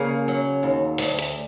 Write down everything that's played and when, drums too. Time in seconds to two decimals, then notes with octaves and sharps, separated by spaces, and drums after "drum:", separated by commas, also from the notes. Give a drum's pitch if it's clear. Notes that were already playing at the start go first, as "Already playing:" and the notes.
Already playing: C#3 A#3
0.28 F#3
0.63 D#2
0.98 D2, drum: open hi-hat
1.19 drum: hi-hat